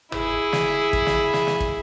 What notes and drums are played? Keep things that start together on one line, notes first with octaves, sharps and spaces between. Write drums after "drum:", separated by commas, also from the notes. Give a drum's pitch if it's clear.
E4 G#4, drum: tom
drum: snare
drum: kick
drum: snare
drum: snare
drum: snare
drum: kick